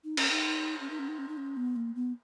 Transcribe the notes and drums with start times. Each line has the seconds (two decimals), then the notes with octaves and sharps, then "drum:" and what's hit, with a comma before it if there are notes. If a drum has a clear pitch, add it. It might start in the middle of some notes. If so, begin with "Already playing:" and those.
0.04 D#4
0.17 C#4, drum: cymbal
0.31 D#4
0.81 C#4
0.90 D#4
0.99 C#4
1.08 D#4
1.19 C#4
1.28 D#4
1.37 C#4
1.57 B3
1.76 A#3
1.95 B3